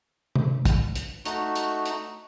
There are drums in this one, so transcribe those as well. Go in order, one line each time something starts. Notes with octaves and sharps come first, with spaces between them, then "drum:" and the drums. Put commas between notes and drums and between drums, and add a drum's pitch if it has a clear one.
drum: tom C3
drum: kick, hi-hat
drum: hi-hat
A3 D#4 F#4, drum: hi-hat
drum: hi-hat
drum: hi-hat